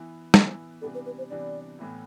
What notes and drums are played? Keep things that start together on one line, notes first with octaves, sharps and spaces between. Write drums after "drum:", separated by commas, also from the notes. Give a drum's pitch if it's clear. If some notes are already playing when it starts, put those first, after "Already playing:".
Already playing: E3 B3 E4
E3 B3 E4, drum: snare
C3 E3 G3 B3 D4 A4
B4
B4
C5
C3 E3 G3 B3 D4 D5
A2 E3 B3 E4